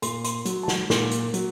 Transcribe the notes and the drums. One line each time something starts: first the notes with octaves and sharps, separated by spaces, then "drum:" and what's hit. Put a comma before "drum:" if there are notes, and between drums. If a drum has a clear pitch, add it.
A#2 C6, drum: hi-hat
C6, drum: hi-hat
F#3, drum: hi-hat
A5
F#5, drum: snare
A#2, drum: snare
drum: hi-hat
F#3, drum: hi-hat